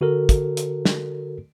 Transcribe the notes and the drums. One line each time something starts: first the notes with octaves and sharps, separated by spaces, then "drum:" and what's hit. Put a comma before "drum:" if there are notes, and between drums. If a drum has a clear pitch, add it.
D3 F#4 A4 A#4
drum: kick, hi-hat
drum: hi-hat
drum: snare